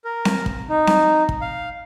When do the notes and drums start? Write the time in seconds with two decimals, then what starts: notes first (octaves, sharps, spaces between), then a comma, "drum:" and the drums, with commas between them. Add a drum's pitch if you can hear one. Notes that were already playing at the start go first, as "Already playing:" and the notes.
0.05 A#4
0.25 drum: snare C4
0.46 drum: kick
0.69 D#4
0.87 drum: snare C4
1.29 drum: kick
1.41 F5